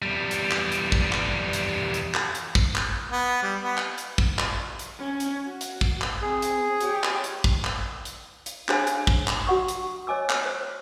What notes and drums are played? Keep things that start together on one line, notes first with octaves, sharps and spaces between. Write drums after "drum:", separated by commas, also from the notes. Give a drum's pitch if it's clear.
E2 G3
drum: hi-hat
drum: clap
drum: hi-hat
drum: kick
drum: clap
drum: hi-hat
drum: hi-hat
drum: clap
drum: hi-hat
drum: kick
drum: clap
B3
G3
B3
drum: clap
drum: hi-hat
drum: kick
drum: clap
drum: hi-hat
C#4 G#5
drum: hi-hat
F#4
drum: hi-hat
drum: kick
drum: clap
C4 G#4
drum: hi-hat
G4 C#5, drum: hi-hat
drum: clap
drum: hi-hat
drum: kick
drum: clap
drum: hi-hat
drum: hi-hat
D4 G#4 C5 C#5 F5 G#5, drum: clap
drum: hi-hat
drum: kick
drum: clap
F#4 F#5 C#6 D#6
drum: hi-hat
C#5 D#5 G#5 D6 E6
drum: clap
C5